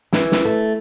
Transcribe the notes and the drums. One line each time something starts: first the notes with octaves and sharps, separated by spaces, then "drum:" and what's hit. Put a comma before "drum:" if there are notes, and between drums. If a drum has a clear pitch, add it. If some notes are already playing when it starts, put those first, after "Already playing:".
E3, drum: snare
drum: snare
A3